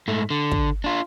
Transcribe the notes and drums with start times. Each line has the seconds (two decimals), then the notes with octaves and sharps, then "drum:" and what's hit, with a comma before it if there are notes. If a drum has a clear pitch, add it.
0.08 G#2 A3
0.30 D3
0.52 drum: kick
0.84 D4 F4